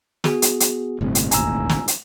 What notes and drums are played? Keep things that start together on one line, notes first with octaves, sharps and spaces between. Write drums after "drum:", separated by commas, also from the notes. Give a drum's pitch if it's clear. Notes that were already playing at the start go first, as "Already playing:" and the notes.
B3 F#4 G#4, drum: snare
drum: hi-hat
drum: hi-hat
G1 A2 C3
drum: hi-hat
E1 A1 D#2 G#5 A#5 E6, drum: hi-hat
drum: snare
drum: hi-hat